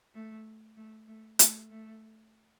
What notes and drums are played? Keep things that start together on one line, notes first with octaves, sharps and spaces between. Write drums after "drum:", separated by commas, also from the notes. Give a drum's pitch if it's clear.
A3
A3
A3
A3, drum: hi-hat
A3